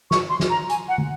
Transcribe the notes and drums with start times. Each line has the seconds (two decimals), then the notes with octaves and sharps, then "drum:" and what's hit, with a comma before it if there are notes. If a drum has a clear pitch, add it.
0.11 C#6, drum: snare
0.29 C6
0.40 drum: snare
0.50 A#5
0.69 G#5, drum: hi-hat
0.88 F#5
0.98 drum: tom